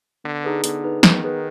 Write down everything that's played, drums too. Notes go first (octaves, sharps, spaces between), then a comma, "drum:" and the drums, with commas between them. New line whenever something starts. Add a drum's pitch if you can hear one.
D3 B3
D#4 G#4 B4
D3 B3, drum: hi-hat
D#4 G#4 B4
D#3 B3, drum: snare
D#4 G#4 B4